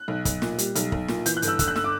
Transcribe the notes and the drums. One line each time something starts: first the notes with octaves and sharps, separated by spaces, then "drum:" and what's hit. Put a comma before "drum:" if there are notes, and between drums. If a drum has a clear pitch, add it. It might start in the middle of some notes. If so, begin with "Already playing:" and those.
Already playing: F#6
B1
B1, drum: kick, hi-hat
A#2, drum: snare
G3, drum: hi-hat
B1, drum: hi-hat
B1, drum: kick
A#2, drum: snare
E3 G6, drum: hi-hat
F#6
G1, drum: hi-hat
E6
G1 E6, drum: kick, hi-hat
F#6
E6, drum: snare
D6